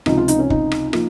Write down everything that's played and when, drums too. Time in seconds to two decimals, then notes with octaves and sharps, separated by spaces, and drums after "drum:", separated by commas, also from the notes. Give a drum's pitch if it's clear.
0.06 C#2 C3 F3 D#4, drum: rim click
0.17 F4
0.28 D#4, drum: hi-hat
0.39 C#4
0.50 D#4, drum: kick
0.72 drum: rim click
0.93 F3 A#3, drum: rim click